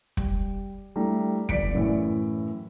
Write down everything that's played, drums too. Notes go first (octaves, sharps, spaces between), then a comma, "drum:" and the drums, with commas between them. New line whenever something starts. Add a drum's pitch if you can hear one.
G3, drum: kick
G3 A3 D4 E4 A#5
G1 D5 B6 C#7 D7, drum: kick
F#2 A2 E3